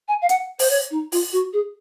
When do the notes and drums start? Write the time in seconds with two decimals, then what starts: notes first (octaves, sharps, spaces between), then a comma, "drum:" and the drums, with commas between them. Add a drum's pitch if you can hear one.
0.08 G#5
0.22 F5
0.29 F#5, drum: hi-hat
0.59 C5, drum: open hi-hat
0.70 C#5
0.91 D#4
1.12 F4, drum: open hi-hat
1.32 F#4
1.53 G#4